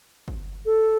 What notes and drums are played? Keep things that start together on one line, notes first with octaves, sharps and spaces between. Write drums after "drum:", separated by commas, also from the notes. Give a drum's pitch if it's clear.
drum: kick
A4